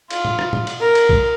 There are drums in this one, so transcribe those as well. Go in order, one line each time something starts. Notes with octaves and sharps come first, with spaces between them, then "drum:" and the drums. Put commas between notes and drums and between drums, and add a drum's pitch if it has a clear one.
F4, drum: cymbal
drum: tom
drum: rim click
drum: tom
drum: cymbal
A#4
drum: cymbal
drum: kick A#1